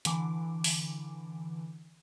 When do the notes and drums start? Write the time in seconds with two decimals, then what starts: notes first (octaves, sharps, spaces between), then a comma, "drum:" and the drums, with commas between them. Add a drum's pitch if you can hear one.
0.05 D3 E3 D6, drum: hi-hat
0.64 drum: open hi-hat